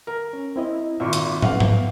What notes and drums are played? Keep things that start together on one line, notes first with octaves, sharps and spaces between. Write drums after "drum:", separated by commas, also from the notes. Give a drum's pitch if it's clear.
A#4
C#4
C4 E4 D#5
G#1 A#2 E5 C#6 D6
drum: hi-hat
B3 F5 F#5, drum: tom
drum: tom G#2